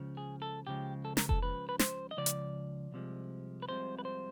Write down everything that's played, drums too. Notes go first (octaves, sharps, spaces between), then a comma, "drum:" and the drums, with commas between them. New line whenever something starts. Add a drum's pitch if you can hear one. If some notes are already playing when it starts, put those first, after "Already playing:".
Already playing: C#2 C#3 F3
G#4
A4
C#2 C#3 F3 G#3 G4
A4
A#4, drum: snare
A4, drum: kick F1
C#2 C#3 F3 B4
B4
C5, drum: snare
D#5
C#2 C#3 F3 D5
drum: hi-hat
C2 C3 F3 G#3
B4
C2 C3 F3 G#3 C5
B4
C5